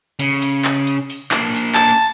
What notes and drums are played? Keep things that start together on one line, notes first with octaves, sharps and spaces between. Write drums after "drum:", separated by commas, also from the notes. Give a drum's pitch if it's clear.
C#3, drum: hi-hat
drum: hi-hat
drum: clap
drum: hi-hat
drum: open hi-hat
A#3 D4, drum: clap
drum: open hi-hat
A5, drum: clap